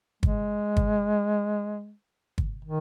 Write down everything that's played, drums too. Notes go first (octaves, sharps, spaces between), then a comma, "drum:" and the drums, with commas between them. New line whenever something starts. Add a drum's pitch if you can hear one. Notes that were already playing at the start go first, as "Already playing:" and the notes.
G#3, drum: kick
drum: kick
drum: kick
D#3